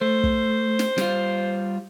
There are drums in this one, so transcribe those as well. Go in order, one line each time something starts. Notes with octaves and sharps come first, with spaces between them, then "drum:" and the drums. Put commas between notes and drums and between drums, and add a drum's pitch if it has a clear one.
A3 C5
drum: kick
drum: snare
G3 F4, drum: snare